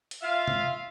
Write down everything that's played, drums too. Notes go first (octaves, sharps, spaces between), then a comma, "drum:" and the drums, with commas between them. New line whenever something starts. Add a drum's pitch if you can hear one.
drum: hi-hat
F4 E5 F5
drum: tom C3